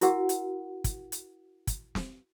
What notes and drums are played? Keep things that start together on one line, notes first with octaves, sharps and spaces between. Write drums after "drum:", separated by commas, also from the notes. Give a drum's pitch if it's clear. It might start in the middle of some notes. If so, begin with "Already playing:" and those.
E4 F#4 A#4 F#5, drum: hi-hat
drum: hi-hat
drum: kick, hi-hat
drum: hi-hat
drum: kick, hi-hat
drum: snare